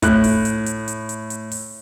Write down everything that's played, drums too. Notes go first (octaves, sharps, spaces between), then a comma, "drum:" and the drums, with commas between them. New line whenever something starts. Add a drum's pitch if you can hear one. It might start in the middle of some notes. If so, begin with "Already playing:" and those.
A2 F#6, drum: kick, hi-hat
drum: open hi-hat
drum: hi-hat
drum: hi-hat
drum: hi-hat
drum: hi-hat
drum: hi-hat
drum: open hi-hat